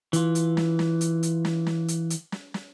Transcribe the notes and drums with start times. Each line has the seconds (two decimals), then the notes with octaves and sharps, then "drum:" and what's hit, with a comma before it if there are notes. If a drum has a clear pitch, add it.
0.13 E3 F4, drum: hi-hat
0.35 drum: hi-hat
0.57 drum: snare
0.79 drum: snare
1.01 drum: hi-hat
1.23 drum: hi-hat
1.45 drum: snare
1.66 drum: snare
1.88 drum: hi-hat
2.10 drum: hi-hat
2.32 drum: snare
2.54 drum: snare